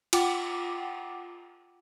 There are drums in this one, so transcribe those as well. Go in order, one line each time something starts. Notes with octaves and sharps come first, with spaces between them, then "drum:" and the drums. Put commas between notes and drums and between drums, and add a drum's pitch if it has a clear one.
F4 F#5 G5 D6, drum: cymbal